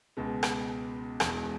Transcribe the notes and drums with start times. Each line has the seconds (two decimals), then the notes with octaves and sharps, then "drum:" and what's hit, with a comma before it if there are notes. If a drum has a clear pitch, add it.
0.17 C#2 B2 G#3
0.43 drum: rim click
1.20 E1 E2 B2 G#3, drum: rim click